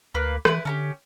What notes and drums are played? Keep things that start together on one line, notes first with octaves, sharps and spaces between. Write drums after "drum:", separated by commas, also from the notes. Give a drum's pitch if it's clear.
D2 A#3 B4 F#6
E3 E4 B4, drum: rim click
D3 C#4 D#4 G4